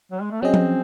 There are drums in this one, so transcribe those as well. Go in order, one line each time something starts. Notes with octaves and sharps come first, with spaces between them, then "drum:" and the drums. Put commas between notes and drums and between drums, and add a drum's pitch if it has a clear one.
F#3
G#3
A3
F#3 C4 C#4 G#4 D#5
drum: tom F3